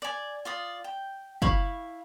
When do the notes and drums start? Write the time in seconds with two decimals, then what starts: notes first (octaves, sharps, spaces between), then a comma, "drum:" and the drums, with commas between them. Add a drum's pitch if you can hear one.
0.02 D5 G#5
0.45 F4 D5 D#6
0.84 G5
1.42 E4 F5 B5 C#6, drum: kick